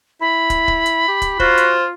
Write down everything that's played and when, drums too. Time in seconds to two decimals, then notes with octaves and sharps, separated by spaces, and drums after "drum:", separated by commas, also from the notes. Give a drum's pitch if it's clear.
0.21 E4 B5
0.50 drum: kick, hi-hat
0.68 drum: kick
0.86 drum: hi-hat
1.08 G4
1.22 drum: kick, hi-hat
1.40 F4 F#4 C5, drum: kick
1.57 drum: hi-hat